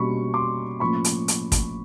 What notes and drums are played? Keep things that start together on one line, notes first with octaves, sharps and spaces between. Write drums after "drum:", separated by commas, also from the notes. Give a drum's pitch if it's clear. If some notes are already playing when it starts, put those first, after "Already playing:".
Already playing: B2 G3 A#3 C#4 B5 C#6
C6 D6
A2 F3 A#3 C#4 B5 C#6
drum: hi-hat
drum: hi-hat
drum: kick, hi-hat